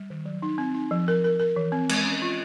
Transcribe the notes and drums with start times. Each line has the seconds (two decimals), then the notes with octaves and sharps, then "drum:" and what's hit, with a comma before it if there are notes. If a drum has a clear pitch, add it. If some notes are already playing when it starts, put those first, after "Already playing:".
Already playing: G3
0.10 D#3
0.25 F#3
0.42 D#4
0.58 C4
0.74 D#4
0.91 F3
1.08 A#4
1.24 A#4
1.40 A#4
1.56 E3
1.72 C4
1.89 G#3, drum: cymbal
2.04 C#4
2.22 F4